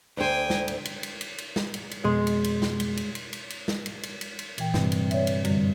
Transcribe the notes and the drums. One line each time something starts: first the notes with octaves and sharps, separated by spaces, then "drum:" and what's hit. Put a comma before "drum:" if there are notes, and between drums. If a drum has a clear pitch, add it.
D2 C5 G5 G#5
drum: snare
drum: cymbal
drum: cymbal
drum: cymbal
drum: cymbal
drum: cymbal
drum: snare
drum: cymbal
drum: cymbal
F2 B2 G#3 C6
drum: cymbal
drum: cymbal
drum: snare
drum: cymbal
drum: cymbal
drum: cymbal
drum: cymbal
drum: cymbal
drum: snare
drum: cymbal
drum: cymbal
drum: cymbal
drum: cymbal
A#2 E3 G5, drum: cymbal
G2 C3, drum: snare
drum: cymbal
C#5 D5 E5, drum: cymbal
drum: cymbal
F#2 D3 G3, drum: cymbal